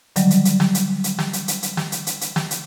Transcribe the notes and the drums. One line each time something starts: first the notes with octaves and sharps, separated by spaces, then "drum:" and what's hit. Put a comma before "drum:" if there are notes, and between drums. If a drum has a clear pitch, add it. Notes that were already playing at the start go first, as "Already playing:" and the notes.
D3 D#3 F#3 G3, drum: hi-hat
drum: hi-hat
drum: hi-hat
drum: snare
drum: hi-hat
drum: hi-hat
drum: snare
drum: hi-hat
drum: hi-hat
drum: hi-hat
drum: snare
drum: hi-hat
drum: hi-hat
drum: hi-hat
drum: snare
drum: hi-hat